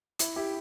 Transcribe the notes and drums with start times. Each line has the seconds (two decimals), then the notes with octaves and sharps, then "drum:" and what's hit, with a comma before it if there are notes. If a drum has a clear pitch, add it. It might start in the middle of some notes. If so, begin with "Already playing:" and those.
0.19 E4, drum: hi-hat
0.36 E4 G4